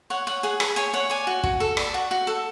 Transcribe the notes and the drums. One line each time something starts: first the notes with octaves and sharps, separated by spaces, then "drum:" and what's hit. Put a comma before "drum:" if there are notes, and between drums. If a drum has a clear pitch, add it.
C#5 F#5
C#5 F#5
G#4 F#5
G#4 A5, drum: rim click
C#5 G#5
C#5 F#5
D5 G#5
F#4
F#4, drum: kick
A4
D5, drum: rim click
F#4
F#4
A4